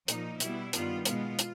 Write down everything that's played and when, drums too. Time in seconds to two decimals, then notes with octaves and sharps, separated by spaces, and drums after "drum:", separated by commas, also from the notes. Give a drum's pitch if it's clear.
0.08 A#2 F3 A#3 D#4, drum: hi-hat
0.40 B2 G3 B3 E4, drum: hi-hat
0.73 G2 D#3 G3 B3 F4, drum: hi-hat
1.05 B2 G#3 B3 F4, drum: hi-hat
1.39 drum: hi-hat